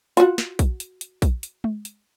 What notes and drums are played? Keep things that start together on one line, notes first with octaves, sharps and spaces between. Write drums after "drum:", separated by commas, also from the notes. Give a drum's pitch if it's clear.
F4 F#4, drum: hi-hat
drum: snare
drum: kick A#1, hi-hat
drum: hi-hat
drum: hi-hat
drum: kick A#1, hi-hat
drum: hi-hat
drum: tom G#3
drum: hi-hat